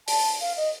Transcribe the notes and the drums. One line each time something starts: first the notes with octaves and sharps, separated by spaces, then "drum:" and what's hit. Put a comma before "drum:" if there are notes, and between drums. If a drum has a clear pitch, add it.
A5, drum: open hi-hat
F5
D#5